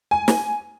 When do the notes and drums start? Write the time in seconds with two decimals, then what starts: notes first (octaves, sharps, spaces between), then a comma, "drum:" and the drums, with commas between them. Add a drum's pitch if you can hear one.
0.11 G#5
0.28 drum: snare